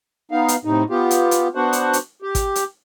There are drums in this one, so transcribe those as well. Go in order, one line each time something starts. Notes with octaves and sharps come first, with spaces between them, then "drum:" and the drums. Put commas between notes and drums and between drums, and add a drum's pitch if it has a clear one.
B3 D#4 F5
drum: hi-hat
A2 C3 D#4
B3 F4 G4
drum: hi-hat
drum: hi-hat
B3 D4 F#4 C5 F#5
drum: hi-hat
drum: hi-hat
G4
drum: kick G#1, hi-hat
drum: hi-hat